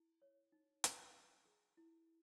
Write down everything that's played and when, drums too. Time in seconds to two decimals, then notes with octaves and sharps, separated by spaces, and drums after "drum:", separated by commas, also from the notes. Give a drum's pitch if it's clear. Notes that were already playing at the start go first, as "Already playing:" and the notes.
Already playing: E4
0.22 C#5
0.52 D#4
0.84 B4, drum: hi-hat
1.15 E5
1.46 G#4
1.77 E4